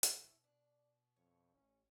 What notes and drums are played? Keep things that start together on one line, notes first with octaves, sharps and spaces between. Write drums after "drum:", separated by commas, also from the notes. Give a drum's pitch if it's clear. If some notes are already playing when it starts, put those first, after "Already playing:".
drum: hi-hat
B2 E4 C#5 G5
D4
F2 C#5
A1 C#4